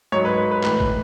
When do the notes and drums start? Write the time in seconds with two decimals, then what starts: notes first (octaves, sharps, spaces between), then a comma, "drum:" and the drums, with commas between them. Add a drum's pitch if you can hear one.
0.12 G#2 F#3 C#5
0.25 B4
0.38 B4
0.51 B4
0.64 A2 E3 B4, drum: clap
0.80 drum: kick